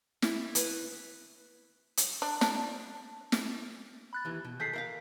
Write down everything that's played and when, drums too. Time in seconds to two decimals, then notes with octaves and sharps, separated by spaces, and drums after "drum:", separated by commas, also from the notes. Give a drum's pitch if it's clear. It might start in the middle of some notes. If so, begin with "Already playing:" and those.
0.22 E4, drum: snare
0.55 B4, drum: hi-hat
1.97 drum: hi-hat
2.22 D4
2.41 D4, drum: snare
3.32 drum: snare
4.13 B5 F#6 A6
4.25 D#2 E3
4.45 B2
4.60 D#3 G#4 A4 G6 B6 C7
4.73 A#4 E5 F5